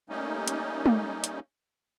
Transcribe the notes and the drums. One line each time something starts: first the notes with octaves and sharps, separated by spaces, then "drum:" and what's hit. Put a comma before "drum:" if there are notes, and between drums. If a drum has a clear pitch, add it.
G3 A3 A#3 C#4 D#4
drum: hi-hat
drum: tom G#3
drum: hi-hat